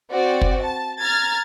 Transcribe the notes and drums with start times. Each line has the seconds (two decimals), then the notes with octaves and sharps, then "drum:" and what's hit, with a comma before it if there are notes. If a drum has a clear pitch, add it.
0.11 C4 F#4 D5
0.41 drum: kick
0.61 A5
1.01 A#5 F6 G#6 A6